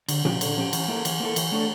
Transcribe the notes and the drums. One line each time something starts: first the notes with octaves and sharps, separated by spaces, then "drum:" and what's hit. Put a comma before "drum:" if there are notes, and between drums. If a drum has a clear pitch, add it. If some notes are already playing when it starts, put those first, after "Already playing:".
D3, drum: cymbal
F3 C#4 G4, drum: tom A#2
D3, drum: cymbal
F3 C#4 G4
E3, drum: cymbal
A#3 E4 A4
E3, drum: cymbal
A#3 E4 A4
E3, drum: cymbal
A3 D4 A4 C#5